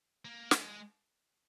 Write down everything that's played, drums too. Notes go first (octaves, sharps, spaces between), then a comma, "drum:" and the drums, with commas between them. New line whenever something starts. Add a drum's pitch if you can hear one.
A#3
G#3, drum: snare